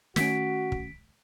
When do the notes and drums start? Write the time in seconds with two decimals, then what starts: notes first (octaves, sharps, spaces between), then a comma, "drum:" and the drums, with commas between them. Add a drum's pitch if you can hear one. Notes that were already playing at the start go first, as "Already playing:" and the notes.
0.16 D#3 A3 C#4 F#4 B6 D7, drum: snare
0.72 drum: kick